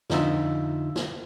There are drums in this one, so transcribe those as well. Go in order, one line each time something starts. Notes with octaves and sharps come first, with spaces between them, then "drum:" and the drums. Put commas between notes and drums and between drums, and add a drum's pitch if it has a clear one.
F2 D3 D#4 F4 E6, drum: snare
drum: snare